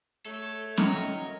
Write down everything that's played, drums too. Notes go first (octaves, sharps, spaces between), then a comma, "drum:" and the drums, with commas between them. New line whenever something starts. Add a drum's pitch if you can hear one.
A3 A4 C#5
D#3 F#3 A#4 C#5 D#5, drum: snare C#4